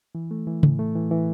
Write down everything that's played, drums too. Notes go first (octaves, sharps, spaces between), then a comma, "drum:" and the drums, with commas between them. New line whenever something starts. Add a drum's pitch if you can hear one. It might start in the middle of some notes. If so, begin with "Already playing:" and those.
E3
A3
E3
A2, drum: tom C#3
A3
E3
E3